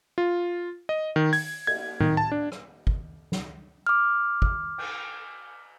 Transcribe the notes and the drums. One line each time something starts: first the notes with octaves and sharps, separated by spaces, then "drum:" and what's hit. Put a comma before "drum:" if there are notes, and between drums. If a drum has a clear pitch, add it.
F4
D#5
D#3
G#6, drum: open hi-hat
G#6, drum: cymbal
D#3, drum: tom A2
A5
D4
drum: rim click
drum: kick
drum: snare
D6 F6
drum: kick
drum: cymbal